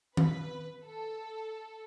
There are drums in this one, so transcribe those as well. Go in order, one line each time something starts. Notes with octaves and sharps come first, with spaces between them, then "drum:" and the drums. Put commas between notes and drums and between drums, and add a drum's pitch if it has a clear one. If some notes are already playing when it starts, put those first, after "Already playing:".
B4, drum: tom D#3
A4